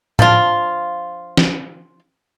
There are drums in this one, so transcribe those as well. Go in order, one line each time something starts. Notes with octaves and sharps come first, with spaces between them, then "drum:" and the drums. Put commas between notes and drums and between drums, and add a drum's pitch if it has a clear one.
F3 D4 F4, drum: tom A2
drum: snare